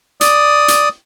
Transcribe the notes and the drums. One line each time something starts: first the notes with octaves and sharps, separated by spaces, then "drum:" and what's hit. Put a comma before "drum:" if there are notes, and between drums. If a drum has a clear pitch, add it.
D5 D#6, drum: hi-hat
drum: hi-hat